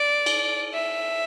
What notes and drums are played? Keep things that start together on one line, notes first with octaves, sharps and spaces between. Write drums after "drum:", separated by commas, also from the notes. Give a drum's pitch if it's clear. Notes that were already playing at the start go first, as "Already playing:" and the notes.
Already playing: D5
drum: cymbal
E5